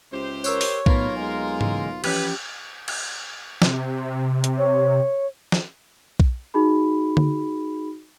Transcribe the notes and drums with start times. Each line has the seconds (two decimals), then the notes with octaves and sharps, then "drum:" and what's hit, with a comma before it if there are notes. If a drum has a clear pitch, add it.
0.12 C#2 C3 G4 C5
0.44 A#4 C#5 E6 F#6, drum: tambourine
0.61 drum: open hi-hat
0.86 B1 A2 A#3 B3 F4 A#4 B5, drum: kick B1
1.17 G#3 G#5
1.61 C#3 E3, drum: tom G#2
2.04 E3 F3 C#4 G4 B4, drum: cymbal
2.88 drum: cymbal
3.62 C3, drum: snare
4.44 drum: hi-hat
4.57 C#5
5.52 drum: snare
6.20 drum: kick B1
6.54 D#4 F#4 G#4 B5
7.17 drum: tom D3